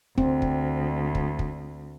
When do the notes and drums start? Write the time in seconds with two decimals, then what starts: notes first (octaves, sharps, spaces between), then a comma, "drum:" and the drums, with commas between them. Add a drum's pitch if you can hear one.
0.18 D2 C4, drum: kick
0.42 drum: kick
1.15 drum: kick
1.39 drum: kick